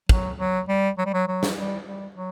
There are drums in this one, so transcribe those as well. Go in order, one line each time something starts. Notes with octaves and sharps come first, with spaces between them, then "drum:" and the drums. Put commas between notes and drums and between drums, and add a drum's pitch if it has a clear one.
F#3, drum: kick
F#3
G3
F#3
G3
F#3
F#3
drum: snare
G3
G3
F#3